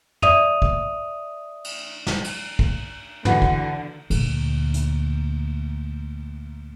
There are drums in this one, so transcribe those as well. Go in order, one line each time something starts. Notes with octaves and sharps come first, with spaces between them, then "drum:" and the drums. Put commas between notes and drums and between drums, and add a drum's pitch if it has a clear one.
D5 E5 D#6 D#7 F7, drum: tom
drum: kick
drum: cymbal
drum: snare
drum: cymbal
drum: kick
D3 E3 F#4 B4, drum: tom
drum: kick
D2 A#2, drum: cymbal
drum: hi-hat